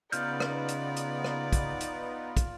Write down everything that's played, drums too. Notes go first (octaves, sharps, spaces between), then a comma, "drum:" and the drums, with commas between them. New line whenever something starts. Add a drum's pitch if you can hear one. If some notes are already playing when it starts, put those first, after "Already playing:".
C#3 B3 D#4 F4 D5 F6 G6, drum: hi-hat
drum: rim click
drum: hi-hat
drum: hi-hat
drum: rim click
drum: kick, hi-hat
drum: hi-hat
drum: kick, hi-hat